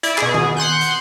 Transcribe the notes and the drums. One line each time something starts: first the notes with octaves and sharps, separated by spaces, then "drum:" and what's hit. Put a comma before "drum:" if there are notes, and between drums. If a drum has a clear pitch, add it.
E4 D5, drum: hi-hat
B2 G#4, drum: clap
drum: tom D#3
F#5 C6 F#6 G6
drum: hi-hat